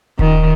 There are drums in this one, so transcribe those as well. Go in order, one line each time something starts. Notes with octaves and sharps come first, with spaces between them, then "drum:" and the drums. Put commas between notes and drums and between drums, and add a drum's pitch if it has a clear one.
D#3, drum: kick D#1